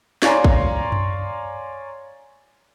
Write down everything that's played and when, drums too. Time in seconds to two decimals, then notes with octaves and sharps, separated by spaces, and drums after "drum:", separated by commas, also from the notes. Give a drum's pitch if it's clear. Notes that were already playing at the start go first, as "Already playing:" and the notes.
0.22 C#5 D5 F5 G#5 A#5 C6, drum: snare
0.44 drum: kick
0.92 drum: tom F#2